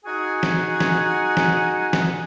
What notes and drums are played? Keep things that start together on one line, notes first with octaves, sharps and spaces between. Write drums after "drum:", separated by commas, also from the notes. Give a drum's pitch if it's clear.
D#4 F#4 G#4 F#5 G#5
drum: snare
drum: snare
drum: snare
drum: snare